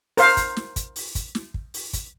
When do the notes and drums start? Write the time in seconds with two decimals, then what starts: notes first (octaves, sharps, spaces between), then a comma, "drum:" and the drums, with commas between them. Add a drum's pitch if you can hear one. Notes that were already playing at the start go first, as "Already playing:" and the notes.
0.17 A#4 C5 F5, drum: open hi-hat
0.37 drum: kick, hi-hat
0.57 drum: snare
0.76 drum: kick, hi-hat
0.96 drum: open hi-hat
1.15 drum: kick, hi-hat
1.35 drum: snare
1.54 drum: kick
1.74 drum: open hi-hat
1.93 drum: kick, hi-hat